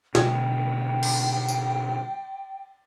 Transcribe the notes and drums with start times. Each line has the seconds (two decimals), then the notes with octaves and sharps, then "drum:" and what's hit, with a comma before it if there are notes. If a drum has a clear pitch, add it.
0.15 B2 D3 G#3 G5, drum: snare
1.03 drum: cymbal
1.48 drum: tambourine